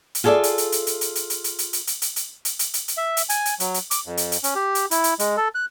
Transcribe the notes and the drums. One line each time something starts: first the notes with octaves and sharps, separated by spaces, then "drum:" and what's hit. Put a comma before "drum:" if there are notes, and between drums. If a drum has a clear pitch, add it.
drum: hi-hat
F4 G#4 A4 C#5 D5 E5
drum: hi-hat
drum: hi-hat
drum: hi-hat
drum: hi-hat
drum: hi-hat
drum: hi-hat
drum: hi-hat
drum: hi-hat
drum: hi-hat
drum: hi-hat
drum: hi-hat
drum: hi-hat
drum: hi-hat
drum: hi-hat
drum: hi-hat
drum: hi-hat
drum: hi-hat
E5
drum: hi-hat
G#5, drum: hi-hat
drum: hi-hat
F#3, drum: hi-hat
drum: hi-hat
D6, drum: hi-hat
F2
drum: hi-hat
drum: hi-hat
C#4, drum: hi-hat
G4
drum: hi-hat
E4, drum: hi-hat
drum: hi-hat
G#3, drum: hi-hat
A4
F#6